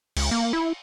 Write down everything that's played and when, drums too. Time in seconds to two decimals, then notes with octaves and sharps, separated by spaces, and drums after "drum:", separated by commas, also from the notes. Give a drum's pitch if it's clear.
0.17 C#2, drum: cymbal
0.31 A#3
0.53 E4